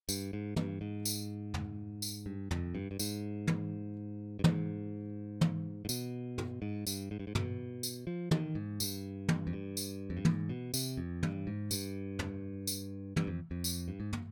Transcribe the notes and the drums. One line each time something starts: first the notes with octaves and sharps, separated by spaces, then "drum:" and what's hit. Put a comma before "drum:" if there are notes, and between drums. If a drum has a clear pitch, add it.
G2, drum: tambourine
G#2
G2, drum: tom
G#2
drum: tambourine
drum: tom
drum: tambourine
G2
F2, drum: tom
G2
G2
G#2, drum: tambourine
drum: tom
G2
G#2, drum: tom
drum: tom
G#2
B2, drum: tambourine
drum: tom
G#2
G2, drum: tambourine
G#2
G2
G#2
B2, drum: tom
drum: tambourine
F3
D#3, drum: tom
G#2
G2, drum: tambourine
drum: tom
F2
G2
drum: tambourine
F2
G2
G#2, drum: tom
B2
C3, drum: tambourine
F2
G2, drum: tom
G#2
G2, drum: tambourine
drum: tom
drum: tambourine
G2, drum: tom
F2
F2
drum: tambourine
G2
G#2
drum: tom